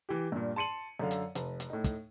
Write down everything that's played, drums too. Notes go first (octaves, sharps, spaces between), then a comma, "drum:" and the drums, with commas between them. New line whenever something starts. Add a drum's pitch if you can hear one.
E3 G4
G2 A#2
A5 C6 C#7 D#7 F#7
F#2 D3 F5
drum: hi-hat
F1, drum: hi-hat
drum: hi-hat
A2 D#4
drum: kick, hi-hat